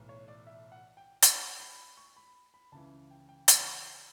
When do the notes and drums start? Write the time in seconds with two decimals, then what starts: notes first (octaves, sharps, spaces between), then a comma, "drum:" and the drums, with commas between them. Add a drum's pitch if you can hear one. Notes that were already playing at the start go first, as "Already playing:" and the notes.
Already playing: B1 A2 E3
0.09 C#5
0.28 D5
0.46 E5
0.72 F#5
0.97 G5
1.22 C#6, drum: hi-hat
1.60 B5
1.97 C#6
2.16 B5
2.54 B5
2.72 C#2 C#3 E3 A5
3.11 G5
3.29 G5
3.48 B5, drum: hi-hat
3.67 C#6